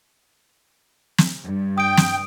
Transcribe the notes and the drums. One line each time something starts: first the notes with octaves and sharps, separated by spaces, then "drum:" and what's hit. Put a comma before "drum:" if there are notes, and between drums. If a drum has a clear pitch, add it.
drum: snare
G2
G5 D#6 D7
drum: snare